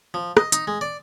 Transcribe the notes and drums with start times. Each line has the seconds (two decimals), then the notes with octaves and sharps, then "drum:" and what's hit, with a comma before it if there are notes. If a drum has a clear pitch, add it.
0.14 F3
0.37 D#5, drum: rim click
0.52 D#4, drum: hi-hat
0.67 G#3
0.81 D5